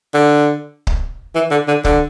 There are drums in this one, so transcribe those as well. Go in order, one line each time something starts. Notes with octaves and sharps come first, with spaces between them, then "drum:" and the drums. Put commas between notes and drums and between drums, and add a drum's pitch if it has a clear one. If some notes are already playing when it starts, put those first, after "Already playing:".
D3
drum: kick C#1
E3
D3
D3
D3, drum: kick C#1